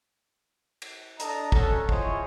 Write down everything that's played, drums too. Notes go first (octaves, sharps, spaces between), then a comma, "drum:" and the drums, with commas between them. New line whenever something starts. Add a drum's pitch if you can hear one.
drum: cymbal
D4 A4 D#5 A5 A#5, drum: hi-hat
C#4 F#4 A4, drum: kick
E4 F4 G#4 C5 C#5 D#5, drum: kick